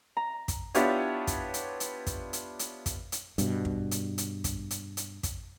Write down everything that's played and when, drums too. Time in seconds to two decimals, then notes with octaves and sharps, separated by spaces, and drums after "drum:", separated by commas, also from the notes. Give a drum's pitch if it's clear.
0.17 A#5
0.48 drum: kick, hi-hat
0.75 B3 D4 E4 F4 G4 C#5, drum: hi-hat
1.27 drum: kick, hi-hat
1.54 drum: hi-hat
1.80 drum: hi-hat
2.07 drum: kick, hi-hat
2.33 drum: hi-hat
2.59 drum: hi-hat
2.86 drum: kick, hi-hat
3.12 drum: hi-hat
3.38 G2 B2, drum: hi-hat
3.65 drum: kick
3.91 drum: hi-hat
4.18 drum: hi-hat
4.44 drum: kick, hi-hat
4.71 drum: hi-hat
4.97 drum: hi-hat
5.23 drum: kick, hi-hat